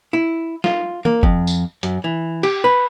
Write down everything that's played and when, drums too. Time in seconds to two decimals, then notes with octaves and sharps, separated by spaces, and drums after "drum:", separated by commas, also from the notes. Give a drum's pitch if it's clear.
0.13 E4
0.64 F4, drum: snare
1.05 A#3, drum: tom
1.23 F2, drum: kick F#1
1.47 drum: tambourine
1.83 F#2, drum: hi-hat
2.04 E3
2.43 G4, drum: cymbal
2.64 B4